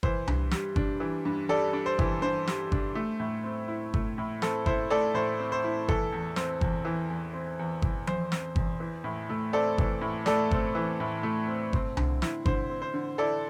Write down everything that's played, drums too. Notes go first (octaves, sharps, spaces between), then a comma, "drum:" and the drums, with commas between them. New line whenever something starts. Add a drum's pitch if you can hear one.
E3 C5, drum: kick G1
G2, drum: tom C2
G3, drum: snare
D4, drum: kick G1
E3
G2
G3 A4 D5
D4
C5
E3, drum: kick G1
G2 C5
G3, drum: snare
D4, drum: kick G1
A3
A2
C4
E4
A3, drum: kick G1
A2
C4 A4, drum: snare
E4 C5, drum: kick G1
A3 A4 D5
A2 C5
C4
C5
E4
E3 A4, drum: kick G1
E2
C4, drum: snare
E2, drum: kick G1
E3
E2
C4
E2
E3, drum: kick G1
E2 C5, drum: tom F3
C4, drum: snare
E2, drum: kick G1
E3
A2
A3
C4 A4 D5
E3, drum: kick G1
A2
A3 A4 D5, drum: snare
C4, drum: kick G1
E3
A2
A3
C4
C4, drum: kick G1
D3, drum: tom C2
E4, drum: snare
D3 C5, drum: kick G1
C4
C5
D3
E4 A4 D5